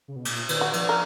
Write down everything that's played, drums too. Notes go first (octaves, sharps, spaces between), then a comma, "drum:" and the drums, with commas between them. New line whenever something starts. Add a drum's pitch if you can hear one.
C#3
B2
A#2, drum: cymbal
D#3, drum: cymbal
F#4
F3, drum: cymbal
A#4